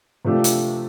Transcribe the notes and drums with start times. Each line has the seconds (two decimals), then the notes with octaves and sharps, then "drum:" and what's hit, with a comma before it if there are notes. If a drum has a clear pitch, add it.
0.25 C3 F3 A3 D4 G4
0.44 drum: hi-hat